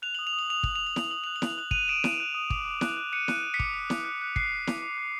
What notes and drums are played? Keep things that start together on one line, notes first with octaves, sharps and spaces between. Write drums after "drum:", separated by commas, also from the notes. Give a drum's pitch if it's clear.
F#6 F7
D#6 F#7
F7
D#6
F#7
D#6 F7
D#6 F#7, drum: kick
D#6 F7
F#7
D#6 F7, drum: snare E4
D#6 F#7
F#6 F7
F#7
F#6, drum: snare E4
F7
F#6 F#7
F#6 D#7 F7, drum: kick
D#6 D7 E7
F#6, drum: snare E4
F#6
D#6
D6, drum: kick
D6
F#6, drum: snare E4
F#6
F#6 C#7 D#7
F#6, drum: snare E4
F#6
B6 C#7
D6, drum: kick
D6
D6, drum: snare E4
F#6
F#6
F#6 C7, drum: kick
F#6
D6, drum: snare E4
D6
F#6